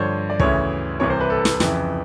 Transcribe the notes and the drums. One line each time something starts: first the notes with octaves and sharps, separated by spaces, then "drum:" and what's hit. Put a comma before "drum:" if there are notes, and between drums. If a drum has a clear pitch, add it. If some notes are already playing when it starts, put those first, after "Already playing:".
Already playing: G2 D3 F3 C5 C#5
D5
D2 C#3 E3 C#5, drum: kick
C2 C3 E3 C#5
C5
B4
A4
drum: snare
F2 C#3 E3, drum: snare